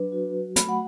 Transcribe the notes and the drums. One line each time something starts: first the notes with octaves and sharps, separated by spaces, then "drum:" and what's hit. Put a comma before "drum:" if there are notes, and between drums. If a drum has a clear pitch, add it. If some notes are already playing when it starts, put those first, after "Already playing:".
Already playing: F#3 D4 B4
F#4
A3 B5, drum: hi-hat
F#5